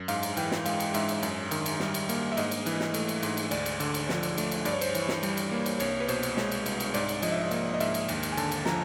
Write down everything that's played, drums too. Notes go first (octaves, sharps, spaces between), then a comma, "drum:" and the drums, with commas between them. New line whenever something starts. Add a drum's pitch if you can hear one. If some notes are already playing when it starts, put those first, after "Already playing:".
Already playing: F#2
G#2 F5, drum: cymbal
drum: cymbal
E3 G5, drum: cymbal
drum: snare
G#3 F5, drum: cymbal
drum: cymbal
G#2 E5, drum: cymbal
drum: cymbal
F#2, drum: cymbal
D#3, drum: cymbal
drum: cymbal
G3, drum: snare
drum: cymbal
A#3, drum: cymbal
E5
G#2 D#5, drum: cymbal
drum: cymbal
E3, drum: cymbal
drum: snare
A3, drum: cymbal
drum: cymbal
G#2, drum: cymbal
drum: cymbal
D2 D5, drum: cymbal
drum: cymbal
D3, drum: cymbal
drum: cymbal
F3, drum: snare
drum: cymbal
A3, drum: cymbal
drum: cymbal
G2 D5, drum: cymbal
C#5
C5, drum: cymbal
C#5
E3, drum: cymbal
drum: snare
G3, drum: cymbal
drum: cymbal
A#3
drum: cymbal
C2 C#5, drum: cymbal
B4
B2 C5, drum: cymbal
drum: cymbal
G#3 C#5, drum: snare
drum: cymbal
C2, drum: cymbal
drum: cymbal
G#2 D5, drum: cymbal
drum: cymbal
F3 D#5, drum: cymbal
E5
D#5
A#3 E5, drum: cymbal
D#5
G#2 E5, drum: cymbal
drum: cymbal
D#2, drum: cymbal
drum: cymbal
G#5
D3 A5, drum: cymbal
drum: cymbal
F3 A#5, drum: snare